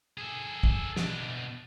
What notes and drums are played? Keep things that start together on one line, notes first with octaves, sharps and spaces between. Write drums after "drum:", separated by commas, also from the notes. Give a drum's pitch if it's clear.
G#4 A4
drum: kick
B2 D4, drum: snare